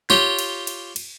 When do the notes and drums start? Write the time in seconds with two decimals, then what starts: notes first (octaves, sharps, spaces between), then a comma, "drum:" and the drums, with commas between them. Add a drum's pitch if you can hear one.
0.10 F4 G4 C#5, drum: snare
0.39 drum: cymbal
0.67 drum: cymbal
0.96 drum: cymbal